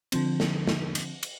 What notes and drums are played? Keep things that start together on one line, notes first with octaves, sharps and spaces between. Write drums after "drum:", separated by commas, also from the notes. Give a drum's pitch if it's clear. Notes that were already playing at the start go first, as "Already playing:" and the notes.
D3 F3 C4, drum: cymbal
drum: snare
drum: snare
drum: cymbal
drum: cymbal